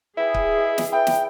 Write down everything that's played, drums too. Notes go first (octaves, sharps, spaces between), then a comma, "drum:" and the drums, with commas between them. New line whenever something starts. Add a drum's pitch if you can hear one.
E4 G#4 B4 G5
drum: kick C#1
D#5
drum: snare
E4 B4 D5 G5
drum: snare